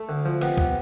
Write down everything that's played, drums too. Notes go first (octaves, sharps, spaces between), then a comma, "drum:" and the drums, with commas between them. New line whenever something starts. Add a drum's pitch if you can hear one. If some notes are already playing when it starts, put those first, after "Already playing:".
Already playing: A3
D2
F3
C3 B3, drum: cymbal
B3, drum: kick C2